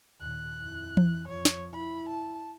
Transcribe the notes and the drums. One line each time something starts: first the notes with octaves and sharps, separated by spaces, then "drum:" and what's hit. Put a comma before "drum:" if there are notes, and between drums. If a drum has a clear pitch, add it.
D#2 A#2 F#6
F2 E4
drum: tom E3
F2 F3 C#5
drum: snare
E4 B5
A5